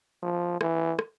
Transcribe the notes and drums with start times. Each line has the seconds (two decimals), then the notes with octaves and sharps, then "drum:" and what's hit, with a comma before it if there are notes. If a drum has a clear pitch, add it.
0.23 F3
0.61 E3, drum: rim click
0.99 drum: rim click